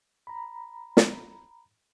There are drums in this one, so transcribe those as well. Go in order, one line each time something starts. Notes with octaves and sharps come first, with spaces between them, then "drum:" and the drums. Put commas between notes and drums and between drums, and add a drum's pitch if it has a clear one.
A#5 B5
drum: snare